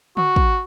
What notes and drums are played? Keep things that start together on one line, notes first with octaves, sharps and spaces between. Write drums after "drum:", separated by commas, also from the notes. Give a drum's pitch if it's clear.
F#4, drum: tom
drum: kick